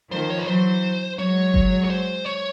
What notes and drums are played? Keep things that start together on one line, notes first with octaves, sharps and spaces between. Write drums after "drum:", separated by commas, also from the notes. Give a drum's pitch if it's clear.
D#3 F3 C5
C#5
B4
E3 F#3 C5
F#3 G#3 C#5
drum: kick G1
C#5
C5
C#5